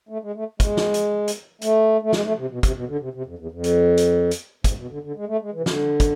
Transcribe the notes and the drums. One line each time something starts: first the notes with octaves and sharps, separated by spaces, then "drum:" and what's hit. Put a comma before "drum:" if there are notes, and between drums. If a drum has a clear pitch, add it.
A3
G#3
A3
G#3, drum: kick, hi-hat
drum: snare
drum: hi-hat
drum: hi-hat
A3, drum: hi-hat
A3
G#3, drum: snare
A3
C3
B2
C3, drum: kick, hi-hat
B2
D3
C3
C3
F2
E2
F2
drum: hi-hat
drum: hi-hat
drum: hi-hat
G#2, drum: kick, hi-hat
B2
D3
D3
G#3
A3
G#3
E3
C3
D3, drum: snare
drum: kick, hi-hat